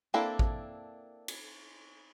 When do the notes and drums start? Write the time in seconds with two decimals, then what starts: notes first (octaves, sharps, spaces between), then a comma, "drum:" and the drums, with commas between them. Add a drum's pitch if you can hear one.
0.14 A#3 C4 D4 E4 A4
0.39 drum: kick A1
1.28 drum: cymbal